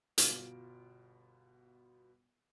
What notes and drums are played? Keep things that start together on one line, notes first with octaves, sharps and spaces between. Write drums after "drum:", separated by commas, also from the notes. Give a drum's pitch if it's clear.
G1 B2 F4 F6 D7, drum: hi-hat